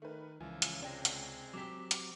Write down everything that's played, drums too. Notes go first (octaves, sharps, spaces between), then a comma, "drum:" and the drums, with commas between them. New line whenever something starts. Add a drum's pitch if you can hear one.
D#3 A3 B4
C#2 E3 F3 G#5
drum: hi-hat
C3 G#3 D4 G5 A#6
drum: hi-hat
F#3 C4 G4 D6 B6
drum: hi-hat